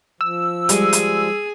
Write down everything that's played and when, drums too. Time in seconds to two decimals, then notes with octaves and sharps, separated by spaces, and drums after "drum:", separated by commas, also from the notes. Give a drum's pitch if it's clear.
0.21 F3 E6
0.69 G3 G#3 G#4 G#5, drum: hi-hat
0.93 drum: hi-hat